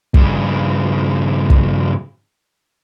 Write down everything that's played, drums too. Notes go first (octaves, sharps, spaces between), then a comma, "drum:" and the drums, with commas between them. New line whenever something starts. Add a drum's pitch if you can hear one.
G2 C#3, drum: kick
drum: kick